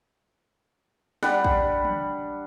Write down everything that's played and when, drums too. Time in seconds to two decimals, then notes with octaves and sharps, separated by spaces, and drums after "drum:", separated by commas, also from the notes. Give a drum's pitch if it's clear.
1.23 G3 D4 F#5, drum: snare
1.44 drum: kick
1.84 drum: tom